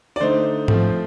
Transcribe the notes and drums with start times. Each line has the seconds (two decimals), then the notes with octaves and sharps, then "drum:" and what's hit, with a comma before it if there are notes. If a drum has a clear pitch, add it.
0.16 D5
0.20 D3 A3 D#4 C5
0.68 F3 A3 C4, drum: tom G#2